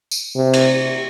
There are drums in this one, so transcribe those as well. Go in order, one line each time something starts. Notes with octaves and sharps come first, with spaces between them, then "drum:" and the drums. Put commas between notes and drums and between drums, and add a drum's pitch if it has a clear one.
drum: tambourine
C3
drum: cymbal